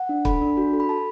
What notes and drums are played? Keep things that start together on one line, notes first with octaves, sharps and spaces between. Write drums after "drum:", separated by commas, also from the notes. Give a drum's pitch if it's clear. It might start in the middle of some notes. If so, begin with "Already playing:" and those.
Already playing: F#5
D4
A4 B5, drum: kick
D4
F#4
A4
B5
A4 A5